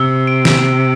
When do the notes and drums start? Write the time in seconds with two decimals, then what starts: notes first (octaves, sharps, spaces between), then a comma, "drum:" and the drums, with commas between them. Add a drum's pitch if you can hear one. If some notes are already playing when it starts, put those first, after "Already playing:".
Already playing: C3 E6
0.27 D7
0.45 drum: snare